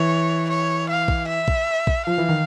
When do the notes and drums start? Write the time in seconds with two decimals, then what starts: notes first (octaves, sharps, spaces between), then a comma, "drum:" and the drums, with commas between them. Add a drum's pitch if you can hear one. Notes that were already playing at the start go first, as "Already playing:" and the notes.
Already playing: E3 C#5
0.49 C#5
0.89 F5
1.08 drum: kick
1.28 E5
1.48 drum: kick
1.87 drum: kick
2.06 F3 F5
2.18 E3
2.29 D#3